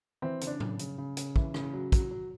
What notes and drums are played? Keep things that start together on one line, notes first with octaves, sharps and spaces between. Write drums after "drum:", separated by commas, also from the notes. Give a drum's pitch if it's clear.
E3 C4
C#3, drum: hi-hat
D4
C#3, drum: tom A2
C#3, drum: hi-hat
C#3
C#3, drum: hi-hat
E3, drum: kick
C#3, drum: rim click
F#3
F#3, drum: kick, hi-hat
F#3